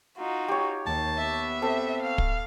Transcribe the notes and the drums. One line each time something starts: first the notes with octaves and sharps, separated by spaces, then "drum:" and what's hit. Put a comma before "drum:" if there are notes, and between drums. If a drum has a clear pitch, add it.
D#4 F4 F#4
G4 C#5
D#2 A5
B3 E5
C4 A4
F5
drum: kick